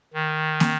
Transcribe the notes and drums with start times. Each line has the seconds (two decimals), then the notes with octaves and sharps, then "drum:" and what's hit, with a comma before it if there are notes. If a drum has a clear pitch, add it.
0.14 D#3
0.60 drum: snare